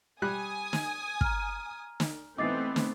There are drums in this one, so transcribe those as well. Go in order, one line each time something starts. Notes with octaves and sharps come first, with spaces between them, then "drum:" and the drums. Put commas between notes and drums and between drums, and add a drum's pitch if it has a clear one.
G3 G#5 D#6 F#6
drum: snare
A#5 F6, drum: kick
drum: snare
E3 A3 B3 C4 D#4 D6 A6 C7
drum: snare